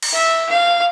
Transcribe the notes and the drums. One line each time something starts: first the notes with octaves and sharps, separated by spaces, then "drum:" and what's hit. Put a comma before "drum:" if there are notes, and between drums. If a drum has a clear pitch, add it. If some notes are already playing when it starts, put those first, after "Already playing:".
drum: cymbal
E5
F5